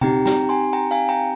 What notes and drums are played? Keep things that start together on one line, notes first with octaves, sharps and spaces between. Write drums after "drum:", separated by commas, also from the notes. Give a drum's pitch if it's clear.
C4 D#4 G4 G5 A#5, drum: tom C#3
G5 A#5, drum: snare
G#5 C6
G5 A#5
F5 G#5
G5 A#5